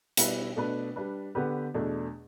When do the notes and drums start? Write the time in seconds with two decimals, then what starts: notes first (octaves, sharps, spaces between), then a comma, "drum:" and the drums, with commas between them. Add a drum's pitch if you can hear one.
0.17 B2 G3 E4 B4, drum: hi-hat
0.57 B2 A3 D4 B4
0.96 G3 D4 B4
1.35 D3 B3 D4 G4 B4
1.74 E2 B2 A3 D4